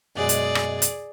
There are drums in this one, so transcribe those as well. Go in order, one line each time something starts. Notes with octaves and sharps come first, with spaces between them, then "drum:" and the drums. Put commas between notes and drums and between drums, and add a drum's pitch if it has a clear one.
F#2 B2 G#3 G#4 D5
drum: hi-hat
drum: rim click
drum: hi-hat